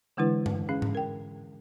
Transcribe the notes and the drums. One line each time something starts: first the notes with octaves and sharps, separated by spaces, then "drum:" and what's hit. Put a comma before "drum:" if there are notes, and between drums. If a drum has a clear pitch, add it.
D3 E3 G#3 D4 E4 B4
drum: tom G2
C#4 G#4 F5
drum: tom G#2
A#4 G5